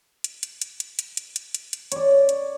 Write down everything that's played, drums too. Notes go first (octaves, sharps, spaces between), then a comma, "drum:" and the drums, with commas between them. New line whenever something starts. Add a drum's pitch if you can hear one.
drum: hi-hat
drum: hi-hat
drum: hi-hat
drum: hi-hat
drum: hi-hat
drum: hi-hat
drum: hi-hat
drum: hi-hat
drum: hi-hat
C#5 D5, drum: hi-hat
drum: hi-hat